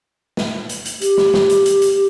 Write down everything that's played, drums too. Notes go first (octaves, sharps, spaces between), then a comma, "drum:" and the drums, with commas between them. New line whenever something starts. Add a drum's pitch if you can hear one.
drum: snare
drum: hi-hat
drum: hi-hat
G4, drum: hi-hat
drum: snare
drum: snare
drum: hi-hat
drum: hi-hat
drum: hi-hat